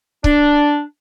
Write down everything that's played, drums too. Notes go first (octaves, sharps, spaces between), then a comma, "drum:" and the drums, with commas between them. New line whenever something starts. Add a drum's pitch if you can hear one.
D4, drum: kick C#1